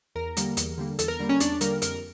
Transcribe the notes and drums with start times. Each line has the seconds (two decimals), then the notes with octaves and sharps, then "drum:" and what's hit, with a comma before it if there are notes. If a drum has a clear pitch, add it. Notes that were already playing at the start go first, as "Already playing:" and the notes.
0.15 E2 A#4
0.37 D3 G3 A#3, drum: hi-hat
0.57 E2, drum: hi-hat
0.78 D3 G3 A#3
0.99 E2 A4, drum: hi-hat
1.08 A#4
1.19 D3 G3 A#3 A#4
1.29 C#4 C#5
1.40 E2 D4 D5, drum: hi-hat
1.61 D3 G3 A#3 A#4, drum: hi-hat
1.82 F2 A#4, drum: hi-hat